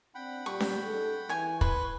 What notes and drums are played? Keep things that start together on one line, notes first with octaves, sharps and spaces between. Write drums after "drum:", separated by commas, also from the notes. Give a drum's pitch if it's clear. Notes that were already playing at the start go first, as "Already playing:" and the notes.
C4 D4 F#5 G5 B5
A#2 G3 C#6
drum: snare C#4
D#4 G#4 A4
E3 C#5 G#5
B4 C6 C#6 F#6, drum: kick